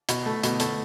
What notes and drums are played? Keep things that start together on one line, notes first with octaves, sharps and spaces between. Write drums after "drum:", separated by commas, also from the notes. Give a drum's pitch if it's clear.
B2, drum: hi-hat
A3
B2, drum: hi-hat
A3, drum: hi-hat